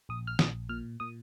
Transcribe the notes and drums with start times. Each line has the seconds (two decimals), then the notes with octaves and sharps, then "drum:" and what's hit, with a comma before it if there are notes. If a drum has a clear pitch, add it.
0.09 A#1 D#6
0.27 F6
0.39 A#1 D#6, drum: snare
0.69 A#2 F6
1.00 A#2 D#6